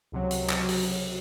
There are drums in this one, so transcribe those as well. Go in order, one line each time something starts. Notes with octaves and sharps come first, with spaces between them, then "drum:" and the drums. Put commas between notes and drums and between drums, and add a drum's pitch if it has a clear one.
C#2 C3 F#3
drum: hi-hat
drum: clap
drum: open hi-hat